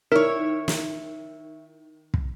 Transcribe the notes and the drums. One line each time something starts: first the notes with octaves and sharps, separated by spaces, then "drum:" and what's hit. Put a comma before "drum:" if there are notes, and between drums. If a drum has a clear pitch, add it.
D#3 E4 A#4 C#5
drum: snare
drum: kick